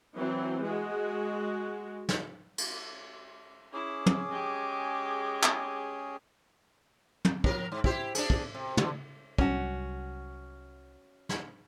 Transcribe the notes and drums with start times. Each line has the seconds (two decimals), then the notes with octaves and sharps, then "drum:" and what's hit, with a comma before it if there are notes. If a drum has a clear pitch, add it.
0.14 E3 F#3 C4
0.63 G#3 F#4
2.09 drum: snare
2.58 drum: cymbal
3.73 C#4 E4 G#4 D6
4.06 drum: tom
4.29 G#3 G4
5.43 drum: clap
7.25 drum: tom
7.44 F3 A#4, drum: kick
7.72 G#2
7.84 E4 G4 C5, drum: kick
8.15 D4 G#4, drum: cymbal
8.30 drum: kick
8.54 C3
8.77 E2 D3, drum: tom
9.38 C2 F#3 G3 C#4 F#4, drum: kick
11.29 drum: snare